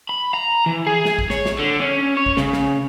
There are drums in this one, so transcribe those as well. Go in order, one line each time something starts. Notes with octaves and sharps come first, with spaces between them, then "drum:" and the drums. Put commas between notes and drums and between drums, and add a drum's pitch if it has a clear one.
B5
A#5
E3
G#4
drum: snare
drum: kick
C#5, drum: snare
drum: snare
D3
C#4
C#5
drum: kick
C#3, drum: snare
drum: snare